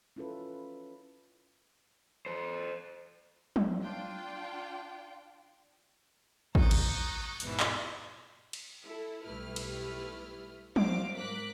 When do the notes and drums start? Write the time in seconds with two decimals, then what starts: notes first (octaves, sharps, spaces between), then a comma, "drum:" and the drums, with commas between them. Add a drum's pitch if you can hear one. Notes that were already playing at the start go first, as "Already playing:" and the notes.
0.16 C#4 E4 F4 A4 B4
2.26 A4 C5
3.56 drum: tom F3
3.82 D4 F4 G5
6.55 A#5 C#6 D#6 F#6 G6 A6, drum: kick
6.71 drum: cymbal
7.40 E2 G#2 B2 E3, drum: hi-hat
7.60 drum: clap
8.53 drum: cymbal
8.84 E4 A4
9.24 B1 G3 A3 E4 B4 F6
9.56 drum: cymbal
10.76 F#4 C5 F5 D6, drum: tom F3
11.16 G#2 A#4 D6 F#6 B6